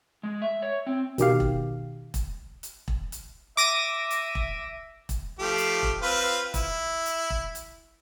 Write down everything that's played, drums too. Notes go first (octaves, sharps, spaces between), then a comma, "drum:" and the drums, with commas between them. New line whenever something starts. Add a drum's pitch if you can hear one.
G#3
E5
C#5
C4
B2 D#3 G4 F5, drum: hi-hat
drum: kick E1
drum: kick E1, hi-hat
drum: hi-hat
drum: kick E1
drum: hi-hat
E5 D6 A#6 D#7
drum: hi-hat
drum: kick E1
drum: kick E1, hi-hat
F3 A3 G4
drum: hi-hat
drum: kick E1
C4 F4 B4
E4, drum: kick E1, hi-hat
drum: hi-hat
drum: kick E1
drum: hi-hat